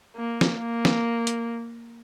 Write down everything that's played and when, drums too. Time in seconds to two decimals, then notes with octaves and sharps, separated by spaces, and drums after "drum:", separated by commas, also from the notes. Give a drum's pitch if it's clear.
0.16 A#3
0.41 drum: snare
0.59 A#3
0.85 drum: snare
1.27 drum: hi-hat